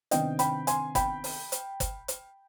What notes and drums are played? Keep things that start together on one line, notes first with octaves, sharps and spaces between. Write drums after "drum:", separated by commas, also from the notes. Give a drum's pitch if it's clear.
C3 D#3 B3 D4 D#5 G5, drum: hi-hat
G5 B5, drum: hi-hat
G#5 C6, drum: hi-hat
G5 B5, drum: kick, hi-hat
drum: open hi-hat
drum: hi-hat
drum: kick, hi-hat
drum: hi-hat